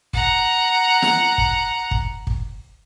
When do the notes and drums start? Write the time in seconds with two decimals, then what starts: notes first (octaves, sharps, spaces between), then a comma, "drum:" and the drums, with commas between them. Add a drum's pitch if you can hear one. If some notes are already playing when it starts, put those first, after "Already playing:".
0.13 F#5 A#5, drum: kick
1.02 drum: snare
1.38 drum: kick
1.91 drum: kick
2.27 drum: kick